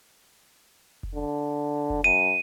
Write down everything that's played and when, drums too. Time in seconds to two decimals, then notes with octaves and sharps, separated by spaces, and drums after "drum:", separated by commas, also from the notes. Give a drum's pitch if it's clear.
1.03 drum: kick F1
1.15 D3
1.90 drum: kick F1
2.04 F#2 D#7